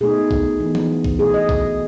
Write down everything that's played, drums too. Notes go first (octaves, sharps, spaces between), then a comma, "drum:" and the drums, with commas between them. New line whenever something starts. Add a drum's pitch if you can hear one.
B2 A3 D#4 G#4
drum: kick A#1
E3 B3 D#4
drum: tom E3
drum: kick A#1
B2 A3 E4 G#4
D#5
drum: kick A#1